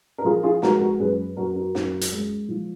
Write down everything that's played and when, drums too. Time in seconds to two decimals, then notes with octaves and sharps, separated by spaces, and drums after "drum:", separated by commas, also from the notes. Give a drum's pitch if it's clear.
0.18 A#4
0.25 F3 F4 G#4
0.43 F4 G#4
0.62 G#3 F#4 A#4, drum: snare
0.81 F#4 A#4
0.99 F#2 G#4 B4
1.37 F#2 F#4 A#4
1.55 F#4 A#4
1.75 F#2, drum: snare
2.01 drum: hi-hat
2.12 G#3
2.49 F3